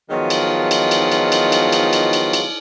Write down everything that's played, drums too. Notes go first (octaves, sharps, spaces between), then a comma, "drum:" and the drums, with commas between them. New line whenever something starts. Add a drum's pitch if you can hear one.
D#3 F3 F#3 G#3 B3 F4
drum: cymbal
drum: cymbal
drum: cymbal
drum: cymbal
drum: cymbal
drum: cymbal
drum: cymbal
drum: cymbal
drum: cymbal
drum: cymbal